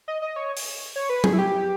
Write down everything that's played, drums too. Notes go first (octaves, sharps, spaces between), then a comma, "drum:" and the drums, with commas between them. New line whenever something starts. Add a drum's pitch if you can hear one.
D#5
D#5
C#5
drum: open hi-hat
C#5
B4
G#4, drum: tom F#3
E4
G4